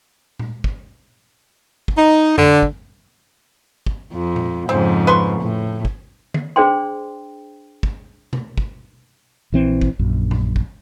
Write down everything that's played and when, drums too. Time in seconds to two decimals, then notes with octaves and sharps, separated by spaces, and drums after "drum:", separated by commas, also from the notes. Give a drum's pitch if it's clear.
0.39 drum: tom A#2
0.64 drum: kick
1.88 drum: kick
1.97 D#4
2.38 D3, drum: tom F2
2.63 drum: kick
3.87 drum: kick
4.12 F2 F3
4.36 drum: tom A#2
4.69 F2 G#2 C#3 C4
5.07 B4 C6 C#6
5.42 A2
5.85 drum: kick
6.34 drum: tom D3
6.56 D4 G#4 C5 D5 G5 C6
7.83 drum: kick
8.33 drum: tom B2
8.58 drum: kick
9.52 A#1 E3 C4
9.81 drum: kick
9.99 A#1 F#2
10.31 drum: tom A#2
10.56 drum: kick